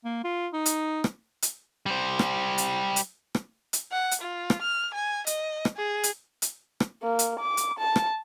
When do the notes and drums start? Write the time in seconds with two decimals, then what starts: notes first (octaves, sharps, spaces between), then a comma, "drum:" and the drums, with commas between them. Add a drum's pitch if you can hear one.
0.04 A#3
0.24 F4
0.53 D#4
0.66 drum: hi-hat
1.04 drum: rim click
1.42 drum: hi-hat
1.86 G3 C5
2.19 drum: rim click
2.58 drum: hi-hat
2.96 drum: hi-hat
3.35 drum: rim click
3.73 drum: hi-hat
3.92 F#5
4.11 drum: hi-hat
4.21 F4
4.50 drum: rim click
4.61 F6
4.94 G#5
5.27 D#5, drum: hi-hat
5.65 drum: rim click
5.77 G#4
6.03 drum: hi-hat
6.42 drum: hi-hat
6.80 drum: rim click
7.03 A#3
7.19 drum: hi-hat
7.40 D6
7.57 drum: hi-hat
7.79 A5
7.96 drum: rim click